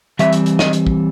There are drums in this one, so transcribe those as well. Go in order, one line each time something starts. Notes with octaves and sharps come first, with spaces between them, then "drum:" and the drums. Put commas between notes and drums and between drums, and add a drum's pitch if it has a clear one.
E3 G3 C4 E5, drum: hi-hat
drum: hi-hat
drum: hi-hat
D#5, drum: snare
drum: hi-hat
drum: kick